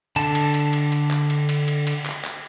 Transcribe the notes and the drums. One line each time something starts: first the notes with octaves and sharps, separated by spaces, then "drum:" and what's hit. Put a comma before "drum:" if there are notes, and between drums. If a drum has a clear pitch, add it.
D3 A5, drum: cymbal
drum: cymbal
drum: cymbal
drum: cymbal
drum: cymbal
drum: clap
drum: cymbal
drum: cymbal
drum: cymbal
drum: cymbal
drum: clap
drum: clap